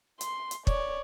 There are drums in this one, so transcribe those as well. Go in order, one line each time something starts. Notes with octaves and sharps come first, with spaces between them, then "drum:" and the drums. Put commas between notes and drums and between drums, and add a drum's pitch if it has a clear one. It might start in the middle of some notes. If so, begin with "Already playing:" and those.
C6, drum: hi-hat
drum: hi-hat
C#5 D5, drum: kick